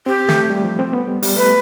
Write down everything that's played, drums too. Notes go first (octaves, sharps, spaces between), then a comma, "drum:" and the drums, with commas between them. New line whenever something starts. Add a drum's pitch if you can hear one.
C4 G4
A3, drum: snare
G3
F3
C4
B3
G3
G3, drum: open hi-hat
A3 B4